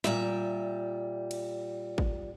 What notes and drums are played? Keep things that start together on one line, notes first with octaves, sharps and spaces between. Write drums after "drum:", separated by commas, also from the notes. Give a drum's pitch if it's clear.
A#2 G3 E5, drum: snare
drum: cymbal
drum: kick